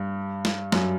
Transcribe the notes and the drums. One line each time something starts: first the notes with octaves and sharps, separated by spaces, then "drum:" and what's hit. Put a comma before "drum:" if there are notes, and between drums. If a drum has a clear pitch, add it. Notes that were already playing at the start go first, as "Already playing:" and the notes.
Already playing: G2
drum: snare
F#2, drum: snare